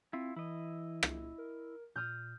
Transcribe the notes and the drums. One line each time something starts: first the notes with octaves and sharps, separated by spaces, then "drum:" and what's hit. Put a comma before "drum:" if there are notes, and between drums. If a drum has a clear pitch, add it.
C4 E4 F4
E3 E4 D#5
drum: rim click
A#4
A#2 D#6 F6 G6